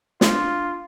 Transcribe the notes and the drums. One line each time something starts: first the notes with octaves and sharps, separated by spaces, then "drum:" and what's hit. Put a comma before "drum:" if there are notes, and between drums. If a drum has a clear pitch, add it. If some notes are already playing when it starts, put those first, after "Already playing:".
D4 F4, drum: snare